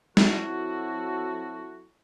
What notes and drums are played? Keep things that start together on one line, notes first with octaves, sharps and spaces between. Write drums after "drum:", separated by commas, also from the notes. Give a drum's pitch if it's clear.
F#3 C4 E4 F#4 A4, drum: snare